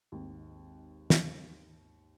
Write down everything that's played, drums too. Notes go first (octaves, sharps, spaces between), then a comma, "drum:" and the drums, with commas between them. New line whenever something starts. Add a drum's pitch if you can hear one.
G#1 D#2
drum: snare